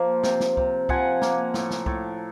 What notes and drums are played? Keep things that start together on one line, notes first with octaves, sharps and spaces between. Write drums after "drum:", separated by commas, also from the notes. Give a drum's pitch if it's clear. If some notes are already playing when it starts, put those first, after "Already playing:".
Already playing: F3 A#3
C3, drum: snare
drum: snare
C3, drum: kick C2
F3 F#5 G#5, drum: kick C2
A#3, drum: snare
A2, drum: snare
drum: snare
A2, drum: kick C2